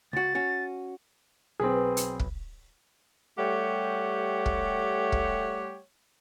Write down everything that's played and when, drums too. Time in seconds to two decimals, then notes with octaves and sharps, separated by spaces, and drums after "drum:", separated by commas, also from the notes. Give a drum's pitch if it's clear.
0.13 C#2 F#4 A6
0.35 C#4 F#4
1.60 B1 C4 G#4 B4
1.97 drum: hi-hat
2.19 drum: kick
3.37 G3 A3 G4 C#5 F#5
4.46 drum: kick
5.12 drum: kick